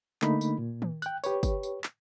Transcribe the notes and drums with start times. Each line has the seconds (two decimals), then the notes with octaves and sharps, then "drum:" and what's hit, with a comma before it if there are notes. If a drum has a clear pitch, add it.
0.22 D3 A3 A#3 D#4 B5, drum: clap
0.41 drum: tambourine
0.58 A#2
0.82 drum: tom D#3
1.02 G5 F#6, drum: tambourine
1.24 G4 B4 C#5, drum: tambourine
1.43 drum: kick, tambourine
1.63 drum: tambourine
1.84 drum: clap